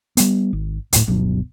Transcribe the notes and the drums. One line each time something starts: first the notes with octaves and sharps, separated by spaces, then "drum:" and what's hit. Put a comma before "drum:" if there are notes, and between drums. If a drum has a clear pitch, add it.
G3 B3, drum: hi-hat
G#1
D1 A2, drum: hi-hat
D1 G1 B2 F#3